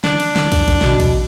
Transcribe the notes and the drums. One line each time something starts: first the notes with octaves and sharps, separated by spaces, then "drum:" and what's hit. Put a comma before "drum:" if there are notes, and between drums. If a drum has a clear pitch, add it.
D4, drum: snare
drum: cymbal
drum: snare
drum: kick, cymbal
drum: kick, cymbal
B2, drum: snare
drum: kick, cymbal